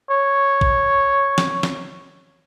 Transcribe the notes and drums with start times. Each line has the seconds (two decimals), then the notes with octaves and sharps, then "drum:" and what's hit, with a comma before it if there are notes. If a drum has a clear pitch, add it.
0.11 C#5
0.61 drum: kick A#1
1.38 drum: snare
1.63 drum: snare